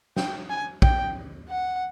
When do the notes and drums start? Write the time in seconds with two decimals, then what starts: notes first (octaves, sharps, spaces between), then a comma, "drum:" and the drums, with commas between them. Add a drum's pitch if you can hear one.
0.17 G5, drum: snare
0.50 G#5
0.82 G5, drum: kick
1.49 F#5